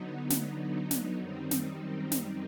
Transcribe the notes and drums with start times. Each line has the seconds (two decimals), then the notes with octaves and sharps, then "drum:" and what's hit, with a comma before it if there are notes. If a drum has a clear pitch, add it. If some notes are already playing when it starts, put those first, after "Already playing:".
Already playing: D3 F#3 B3 D#4
0.30 drum: snare
0.91 drum: snare
1.21 F#2 D#3 G3 C4 D#4
1.51 drum: snare
2.12 drum: snare